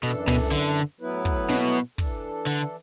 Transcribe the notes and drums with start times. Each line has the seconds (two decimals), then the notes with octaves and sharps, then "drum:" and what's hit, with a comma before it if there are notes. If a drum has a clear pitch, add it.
0.03 F#2 B2 E3 D4 A4, drum: open hi-hat
0.28 B2, drum: tom
0.52 D3
0.76 drum: hi-hat
1.00 A2 F#3 B3 E4 B4
1.25 drum: kick, hi-hat
1.49 B2, drum: snare
1.74 drum: hi-hat
1.98 E3 D4 A4, drum: kick, open hi-hat
2.47 D3, drum: open hi-hat